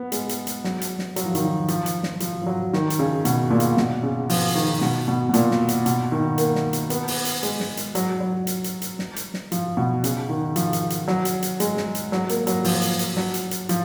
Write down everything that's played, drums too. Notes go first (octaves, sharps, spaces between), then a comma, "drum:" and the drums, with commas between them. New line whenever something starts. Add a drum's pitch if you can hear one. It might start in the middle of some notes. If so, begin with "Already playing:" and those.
Already playing: B3
G#3, drum: hi-hat
drum: hi-hat
drum: hi-hat
F#3, drum: snare
drum: hi-hat
drum: snare
F#3, drum: hi-hat
F3
D#3, drum: hi-hat
F3
F3, drum: hi-hat
drum: hi-hat
drum: snare
F3, drum: hi-hat
F3
F#3
D#3, drum: snare
drum: hi-hat
C#3
B2, drum: hi-hat
A#2
drum: hi-hat
B2, drum: snare
C#3
F3, drum: open hi-hat
D#3
B2, drum: snare
B2
B2
A#2, drum: hi-hat
drum: snare
drum: hi-hat
B2, drum: hi-hat
D#3
A#3, drum: hi-hat
drum: snare
drum: hi-hat
B3, drum: hi-hat
drum: open hi-hat
drum: hi-hat
G#3, drum: hi-hat
drum: snare
drum: hi-hat
F#3, drum: hi-hat
F#3
drum: hi-hat
drum: hi-hat
drum: hi-hat
drum: snare
drum: hi-hat
drum: snare
F3, drum: hi-hat
B2
C#3, drum: hi-hat
D#3
F3, drum: hi-hat
drum: hi-hat
drum: hi-hat
F#3, drum: snare
drum: hi-hat
drum: hi-hat
G#3, drum: hi-hat
drum: snare
drum: hi-hat
F#3, drum: snare
A#3, drum: hi-hat
F#3, drum: hi-hat
F3, drum: open hi-hat
drum: hi-hat
drum: hi-hat
F#3, drum: snare
drum: hi-hat
drum: hi-hat
F3, drum: hi-hat